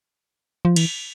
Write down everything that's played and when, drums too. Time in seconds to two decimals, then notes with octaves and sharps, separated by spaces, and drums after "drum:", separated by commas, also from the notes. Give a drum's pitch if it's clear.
0.65 F3
0.76 E3, drum: cymbal